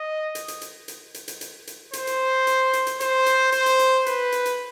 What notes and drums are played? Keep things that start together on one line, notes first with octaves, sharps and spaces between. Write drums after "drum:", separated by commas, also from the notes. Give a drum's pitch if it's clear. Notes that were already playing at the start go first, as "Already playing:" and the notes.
Already playing: D#5
drum: hi-hat
drum: hi-hat
drum: hi-hat
drum: hi-hat
drum: hi-hat
drum: hi-hat
drum: hi-hat
drum: hi-hat
C5, drum: hi-hat
drum: hi-hat
drum: hi-hat
drum: hi-hat
drum: hi-hat
C5, drum: hi-hat
drum: hi-hat
C5, drum: hi-hat
drum: hi-hat
drum: hi-hat
B4, drum: hi-hat
drum: hi-hat
drum: hi-hat